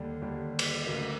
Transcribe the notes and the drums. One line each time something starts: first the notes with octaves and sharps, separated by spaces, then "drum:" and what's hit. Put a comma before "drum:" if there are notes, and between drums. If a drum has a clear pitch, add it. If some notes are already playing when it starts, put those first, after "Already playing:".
Already playing: D#2 D3 G3
D#2 D3 G3
drum: cymbal
D2 C#3 F#3 A#3